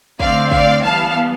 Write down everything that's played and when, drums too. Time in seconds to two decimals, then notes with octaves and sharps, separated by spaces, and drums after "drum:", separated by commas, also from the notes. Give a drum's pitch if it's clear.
0.20 D3 A3 C4 D5 F5, drum: kick
0.52 D5 F5, drum: kick
0.83 E3 G3 B3 F5 A5